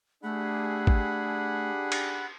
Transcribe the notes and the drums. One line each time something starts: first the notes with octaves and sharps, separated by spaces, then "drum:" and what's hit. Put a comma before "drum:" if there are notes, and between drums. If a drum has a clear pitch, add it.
A3 D4 G4 G#4 F#5 B5
drum: kick
drum: cymbal